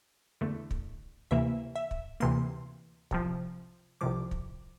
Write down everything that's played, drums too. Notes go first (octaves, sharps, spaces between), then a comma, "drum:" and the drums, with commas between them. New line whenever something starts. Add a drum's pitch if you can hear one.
E2 D3 A3
drum: kick
D2 C3 E3 A#3 E5
E5
drum: kick
D2 C3 E3 A#3 C6
C2 C3 F3, drum: kick
C2 C3 F3 D6
drum: kick